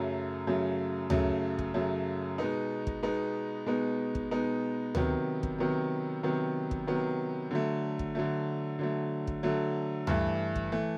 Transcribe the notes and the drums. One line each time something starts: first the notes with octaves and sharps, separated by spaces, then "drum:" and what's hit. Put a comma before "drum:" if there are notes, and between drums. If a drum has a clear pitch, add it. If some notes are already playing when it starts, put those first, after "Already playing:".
Already playing: F#2 C#3 F#3 A3
F#2 C#3 F#3 A3
F#2 C#3 F#3 A3, drum: tom D2
drum: kick
F#2 C#3 F#3 A3
B2 G#3 B3 D#4
drum: kick
B2 G#3 B3 D#4
B2 G#3 B3 D#4
drum: kick
B2 G#3 B3 D#4
C3 D#3 F#3 B3, drum: tom D2
drum: kick
C3 D#3 F#3 B3
C3 D#3 F#3 B3
drum: kick
C3 D#3 F#3 B3
D3 F#3 A3
drum: kick
D3 F#3 A3
D3 F#3 A3
drum: kick
D3 F#3 A3
G2 E3 A3, drum: tom D2
drum: kick
E3 A3